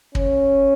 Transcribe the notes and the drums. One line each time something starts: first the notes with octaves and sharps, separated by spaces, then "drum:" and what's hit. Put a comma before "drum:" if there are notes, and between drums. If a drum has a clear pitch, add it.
C#4, drum: kick